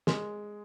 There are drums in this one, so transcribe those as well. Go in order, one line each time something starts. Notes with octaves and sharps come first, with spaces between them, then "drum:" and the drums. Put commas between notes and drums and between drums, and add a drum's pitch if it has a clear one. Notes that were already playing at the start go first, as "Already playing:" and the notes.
G#3, drum: snare